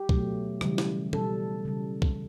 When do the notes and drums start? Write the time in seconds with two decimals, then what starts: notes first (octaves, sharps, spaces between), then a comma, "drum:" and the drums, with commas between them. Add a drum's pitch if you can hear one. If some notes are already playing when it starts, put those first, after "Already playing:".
Already playing: G4
0.09 B2 F#3 A3, drum: kick C2
0.61 C#3 E3 G3, drum: rim click
0.78 drum: snare
1.13 B2 G3 A4, drum: tom
1.65 C#3 G3
2.02 drum: kick C2